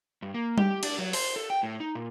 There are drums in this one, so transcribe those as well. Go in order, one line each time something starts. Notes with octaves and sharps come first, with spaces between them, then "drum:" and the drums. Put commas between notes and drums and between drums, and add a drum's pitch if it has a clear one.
G2
A#3
G4, drum: tom G3
D4, drum: cymbal
F#3
C5, drum: open hi-hat
A4
G5
A2
D#4
A#2